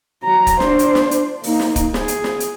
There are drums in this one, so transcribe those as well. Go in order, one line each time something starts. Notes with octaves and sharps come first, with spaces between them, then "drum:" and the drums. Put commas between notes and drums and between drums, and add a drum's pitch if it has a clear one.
F#3 A#5
drum: kick, hi-hat
D4 C5, drum: snare
drum: hi-hat
drum: snare
drum: hi-hat
A#3 D#4, drum: open hi-hat
drum: snare
drum: kick, hi-hat
G#4, drum: snare
drum: hi-hat
drum: snare
drum: hi-hat